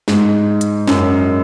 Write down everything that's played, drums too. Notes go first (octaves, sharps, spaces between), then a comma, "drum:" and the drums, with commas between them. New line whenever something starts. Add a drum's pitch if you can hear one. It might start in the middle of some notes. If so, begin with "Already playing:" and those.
G#2, drum: snare
drum: hi-hat
F#2, drum: snare